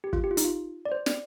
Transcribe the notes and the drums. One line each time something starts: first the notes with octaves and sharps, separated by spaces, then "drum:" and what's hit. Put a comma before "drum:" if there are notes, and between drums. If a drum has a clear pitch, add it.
G4
F4, drum: kick G1
G4
F4
D#4, drum: hi-hat
F4
D5
C5
D5, drum: snare